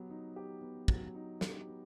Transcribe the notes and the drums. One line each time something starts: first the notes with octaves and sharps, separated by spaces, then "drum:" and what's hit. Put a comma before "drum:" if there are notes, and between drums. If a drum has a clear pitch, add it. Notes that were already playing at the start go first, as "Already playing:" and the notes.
Already playing: F#3 B3 G4
D#4
G4
B3
F#3, drum: kick
D#4
G4, drum: snare
B3